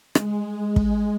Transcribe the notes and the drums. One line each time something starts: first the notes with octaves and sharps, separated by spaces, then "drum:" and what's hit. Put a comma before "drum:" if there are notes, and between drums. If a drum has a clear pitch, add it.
G#3, drum: rim click
drum: kick